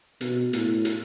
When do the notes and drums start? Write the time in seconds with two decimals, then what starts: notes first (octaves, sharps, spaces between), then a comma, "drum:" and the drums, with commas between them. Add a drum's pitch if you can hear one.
0.21 B2, drum: hi-hat
0.53 A2, drum: hi-hat
0.85 drum: hi-hat